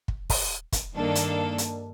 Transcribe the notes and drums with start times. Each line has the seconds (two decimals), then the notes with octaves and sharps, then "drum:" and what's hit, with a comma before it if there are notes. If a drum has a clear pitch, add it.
0.08 drum: kick
0.30 drum: kick, open hi-hat
0.72 drum: kick, hi-hat
0.94 G2 D#3 A#3 D4 A4
1.15 drum: hi-hat
1.58 drum: hi-hat